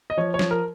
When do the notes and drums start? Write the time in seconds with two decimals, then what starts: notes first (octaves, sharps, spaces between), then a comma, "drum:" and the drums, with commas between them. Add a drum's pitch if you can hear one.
0.10 D#5
0.17 F3 C#5
0.34 C#5
0.39 F3, drum: snare
0.51 A#4